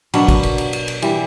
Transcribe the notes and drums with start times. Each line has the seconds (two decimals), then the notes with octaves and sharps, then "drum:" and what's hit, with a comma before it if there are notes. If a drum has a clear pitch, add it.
0.14 B2 F#3 B3 D4, drum: cymbal
0.28 drum: kick, cymbal
0.43 drum: cymbal
0.58 drum: cymbal
0.73 drum: cymbal
0.88 drum: cymbal
1.02 E3 G3, drum: cymbal